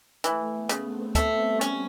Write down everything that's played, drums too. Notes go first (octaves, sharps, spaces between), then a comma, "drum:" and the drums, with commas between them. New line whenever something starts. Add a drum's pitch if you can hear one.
E3 A3, drum: hi-hat
B3
C#3, drum: hi-hat
C4
A3 B3, drum: kick, hi-hat
G3
C#4, drum: hi-hat